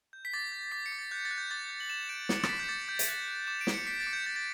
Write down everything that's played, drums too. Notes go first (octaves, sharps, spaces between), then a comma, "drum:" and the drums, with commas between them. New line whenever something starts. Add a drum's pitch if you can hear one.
G6
B6
D6 A6
G6
D6 B6
C#7
D6
A6
F#6 G6
A6
F#6
G6
D6 A6
G6
F#7
G6 E7
G6 D7
D6 C#7, drum: snare
A6, drum: rim click
D6 B6
G6
D6 A6
D6 G6
drum: hi-hat
F#6 A6
F#6
D6 E7
D7
D6, drum: snare
C#7
D6 B6
A6
D6
G6
G6 A6
A6